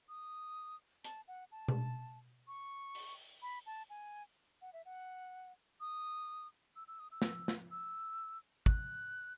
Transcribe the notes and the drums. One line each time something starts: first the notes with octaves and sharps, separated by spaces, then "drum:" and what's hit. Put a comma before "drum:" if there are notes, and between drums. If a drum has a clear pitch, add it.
D#6
A5, drum: hi-hat
F#5
A5
drum: tom B2
C#6
drum: open hi-hat
B5
A5
G#5
F#5
E5
F#5
D#6
E6
E6
D#6
E6
drum: snare
drum: snare
E6
F#6, drum: kick